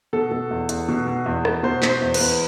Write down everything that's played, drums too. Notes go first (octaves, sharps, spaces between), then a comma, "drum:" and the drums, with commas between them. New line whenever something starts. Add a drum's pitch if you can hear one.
B2 A4
B2
E2
E2, drum: hi-hat
B2
B2
E2
E2, drum: rim click
B2 C5
B2, drum: clap
C5
E2
B4, drum: cymbal
E2